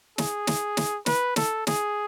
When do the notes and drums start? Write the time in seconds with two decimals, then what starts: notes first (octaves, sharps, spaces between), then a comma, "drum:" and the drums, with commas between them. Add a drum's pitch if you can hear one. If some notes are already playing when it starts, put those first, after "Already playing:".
0.18 G#4, drum: snare
0.47 drum: snare
0.77 drum: snare
1.06 B4, drum: snare
1.36 A4, drum: snare
1.67 G#4, drum: snare